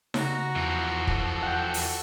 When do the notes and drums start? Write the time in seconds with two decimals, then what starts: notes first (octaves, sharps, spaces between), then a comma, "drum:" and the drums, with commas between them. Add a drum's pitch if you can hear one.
0.14 C#3 F#4 A#5, drum: snare D#4
0.56 E2 E3 F3
1.07 F#4 A4, drum: kick
1.43 F#5 G5
1.74 drum: open hi-hat